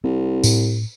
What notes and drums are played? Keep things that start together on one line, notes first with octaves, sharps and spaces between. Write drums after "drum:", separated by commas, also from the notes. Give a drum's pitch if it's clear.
C2 C4
A2, drum: tambourine